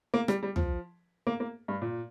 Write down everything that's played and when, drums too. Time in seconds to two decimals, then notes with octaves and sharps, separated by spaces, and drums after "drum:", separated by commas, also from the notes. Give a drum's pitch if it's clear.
0.14 A#3
0.28 G3, drum: rim click
0.43 G3
0.56 F3, drum: tom
1.27 A#3
1.40 A#3
1.68 G2
1.82 A#2